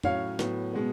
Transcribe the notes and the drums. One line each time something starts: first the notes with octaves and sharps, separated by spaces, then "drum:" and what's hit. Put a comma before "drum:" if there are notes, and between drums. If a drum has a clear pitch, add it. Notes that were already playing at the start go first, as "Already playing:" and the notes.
A2 F#3 C#4 C#5 F5, drum: tom F2
A2 F#3 B3, drum: snare
B2 G#3 B3